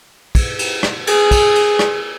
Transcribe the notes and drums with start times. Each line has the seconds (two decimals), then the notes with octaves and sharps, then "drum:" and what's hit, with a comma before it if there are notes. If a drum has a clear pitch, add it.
0.35 drum: kick, cymbal
0.59 drum: cymbal
0.83 drum: rim click
1.07 G#4, drum: cymbal
1.31 drum: kick, cymbal
1.55 drum: cymbal
1.79 drum: rim click